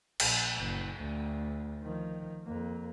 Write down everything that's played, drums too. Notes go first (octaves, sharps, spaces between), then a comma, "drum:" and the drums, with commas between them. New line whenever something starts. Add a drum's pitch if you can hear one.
A#1, drum: cymbal
F#1
D2
D#3 F3
F2 A#3